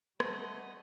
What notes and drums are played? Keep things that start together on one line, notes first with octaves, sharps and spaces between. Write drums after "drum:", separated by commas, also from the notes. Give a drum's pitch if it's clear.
G3 A3 D#5 F#5, drum: rim click